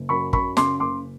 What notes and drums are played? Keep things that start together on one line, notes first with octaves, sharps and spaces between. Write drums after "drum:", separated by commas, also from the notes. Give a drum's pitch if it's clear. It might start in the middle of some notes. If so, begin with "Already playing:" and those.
Already playing: F#1
F#2 B5 C#6
F#2 B5 C#6, drum: kick
C#3 C6 D6, drum: snare
F#1 C6 D6